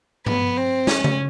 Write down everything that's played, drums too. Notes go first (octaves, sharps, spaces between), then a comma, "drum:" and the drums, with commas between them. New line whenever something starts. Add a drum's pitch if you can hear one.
B3, drum: tom G2
C4
C#4, drum: snare
drum: tom C#3